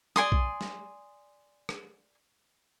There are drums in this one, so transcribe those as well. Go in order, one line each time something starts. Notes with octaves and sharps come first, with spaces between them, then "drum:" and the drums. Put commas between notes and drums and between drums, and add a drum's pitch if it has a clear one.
D5 G#5 C6 D#6, drum: snare
drum: kick B1
drum: snare
drum: rim click